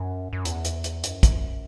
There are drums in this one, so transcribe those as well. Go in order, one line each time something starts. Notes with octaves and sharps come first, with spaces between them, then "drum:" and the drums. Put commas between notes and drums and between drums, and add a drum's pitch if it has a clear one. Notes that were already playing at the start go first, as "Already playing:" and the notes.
Already playing: F#2
F#2
E2, drum: hi-hat
drum: hi-hat
drum: hi-hat
F#2, drum: hi-hat
drum: kick, hi-hat